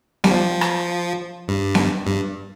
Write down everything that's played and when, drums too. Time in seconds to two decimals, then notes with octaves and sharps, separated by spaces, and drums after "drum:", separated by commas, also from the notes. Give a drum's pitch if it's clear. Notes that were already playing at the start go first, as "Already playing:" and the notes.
0.24 G3, drum: snare B3
0.31 F3
0.61 drum: rim click
1.48 G2
1.75 drum: snare B3
2.06 G2